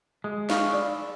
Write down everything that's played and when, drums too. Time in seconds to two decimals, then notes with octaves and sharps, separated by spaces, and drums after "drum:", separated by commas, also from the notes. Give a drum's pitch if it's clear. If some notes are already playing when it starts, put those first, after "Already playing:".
0.24 G#3
0.50 F5 B5 C#6, drum: snare
0.72 D5 E6